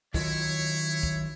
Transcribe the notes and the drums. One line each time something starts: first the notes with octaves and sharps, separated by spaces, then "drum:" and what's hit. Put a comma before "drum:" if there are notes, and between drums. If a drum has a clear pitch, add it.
D#3 F#3 E4 F4 C#5, drum: kick
drum: kick